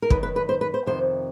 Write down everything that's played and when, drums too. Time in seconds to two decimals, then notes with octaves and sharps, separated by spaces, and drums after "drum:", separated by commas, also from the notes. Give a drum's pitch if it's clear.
0.02 A#4
0.10 F#2 D#3 B4, drum: kick
0.23 B4
0.36 B4
0.49 C5
0.61 B4
0.74 C5
0.86 F2 C3 D#3 C5